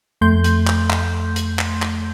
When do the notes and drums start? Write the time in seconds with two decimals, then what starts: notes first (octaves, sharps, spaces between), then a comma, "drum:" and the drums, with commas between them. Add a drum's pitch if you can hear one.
0.21 F2 A3 C6 G6
0.44 drum: hi-hat
0.67 drum: clap
0.90 drum: clap
1.36 drum: hi-hat
1.59 drum: clap
1.82 drum: clap